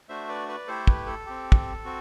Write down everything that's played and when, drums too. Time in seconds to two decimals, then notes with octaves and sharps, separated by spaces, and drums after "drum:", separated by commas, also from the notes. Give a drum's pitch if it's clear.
0.09 A3 D4 F#4 C5 E5
0.28 B4 D5
0.48 B4 D5
0.68 A3 E4 G4 A4 C5
0.87 B4, drum: kick
1.07 A4
1.26 C4 G4
1.52 drum: kick
1.85 C4 F#4